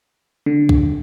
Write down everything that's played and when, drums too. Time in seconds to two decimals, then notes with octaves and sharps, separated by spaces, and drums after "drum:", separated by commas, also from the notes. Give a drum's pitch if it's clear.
0.46 D3
0.69 drum: kick